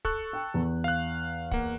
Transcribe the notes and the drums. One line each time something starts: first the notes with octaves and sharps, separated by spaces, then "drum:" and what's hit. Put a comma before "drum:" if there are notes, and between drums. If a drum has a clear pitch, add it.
A4 C#6 F#6, drum: kick
G5
E2
F5 F#6
A#3 F#5, drum: kick